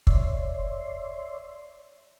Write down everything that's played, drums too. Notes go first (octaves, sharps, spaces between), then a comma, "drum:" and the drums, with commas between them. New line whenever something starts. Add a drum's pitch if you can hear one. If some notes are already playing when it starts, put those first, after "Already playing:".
C#5 D5 E5 C6, drum: kick